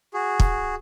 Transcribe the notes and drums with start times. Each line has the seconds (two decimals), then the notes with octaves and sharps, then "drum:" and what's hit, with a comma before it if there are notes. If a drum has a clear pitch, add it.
0.14 F#4 G#4
0.40 drum: kick